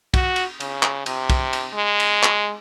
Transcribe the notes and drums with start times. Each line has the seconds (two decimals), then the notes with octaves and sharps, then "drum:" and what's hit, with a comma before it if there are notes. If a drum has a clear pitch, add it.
0.14 F#4, drum: kick, cymbal
0.36 drum: cymbal
0.60 C#3, drum: cymbal
0.83 drum: clap
1.06 C3, drum: cymbal
1.30 drum: kick, cymbal
1.53 drum: cymbal
1.73 G#3
2.00 drum: cymbal
2.23 drum: clap